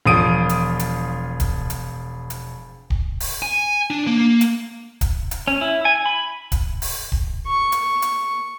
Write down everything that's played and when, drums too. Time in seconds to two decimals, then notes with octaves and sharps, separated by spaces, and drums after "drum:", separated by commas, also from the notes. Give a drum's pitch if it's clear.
0.06 E1 F3 F4 D#6 D7 D#7
0.49 drum: hi-hat
0.79 drum: hi-hat
1.40 drum: kick, hi-hat
1.70 drum: hi-hat
2.30 drum: hi-hat
2.90 drum: kick
3.20 drum: open hi-hat
3.42 G#5
3.90 D4
4.07 A#3
4.41 drum: hi-hat
5.01 drum: kick, hi-hat
5.31 drum: hi-hat
5.48 C#4
5.61 E4
5.85 G#5
6.06 B5
6.52 drum: kick, hi-hat
6.82 drum: open hi-hat
7.12 drum: kick
7.47 C#6
7.72 drum: hi-hat
8.02 drum: hi-hat